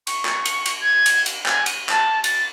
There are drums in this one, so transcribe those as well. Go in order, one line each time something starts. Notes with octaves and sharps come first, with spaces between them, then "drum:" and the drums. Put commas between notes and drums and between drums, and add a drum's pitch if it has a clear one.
C#6, drum: cymbal
drum: clap
drum: cymbal
drum: cymbal
G#6
drum: cymbal
drum: cymbal
G#5, drum: clap
D#7, drum: cymbal
A5, drum: clap
A6, drum: cymbal